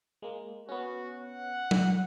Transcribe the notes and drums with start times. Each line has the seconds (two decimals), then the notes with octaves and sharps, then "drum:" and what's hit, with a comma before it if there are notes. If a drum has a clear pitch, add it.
0.22 G#3 A#3
0.69 B3 C#4 F#4
1.20 F#5
1.71 drum: tom F#3